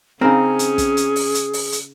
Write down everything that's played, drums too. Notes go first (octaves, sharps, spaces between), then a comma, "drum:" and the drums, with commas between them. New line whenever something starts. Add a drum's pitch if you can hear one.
C#3 C4 C#4 D#4 G#4 A#4
drum: hi-hat
drum: kick, hi-hat
drum: hi-hat
drum: open hi-hat
drum: hi-hat
drum: open hi-hat
drum: hi-hat